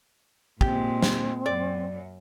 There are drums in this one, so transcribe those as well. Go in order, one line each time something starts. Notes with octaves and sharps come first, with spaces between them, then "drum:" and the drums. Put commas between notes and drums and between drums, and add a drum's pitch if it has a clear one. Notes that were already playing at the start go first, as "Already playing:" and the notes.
A#2 G#3 C4 G4, drum: kick
drum: snare
F#2 D5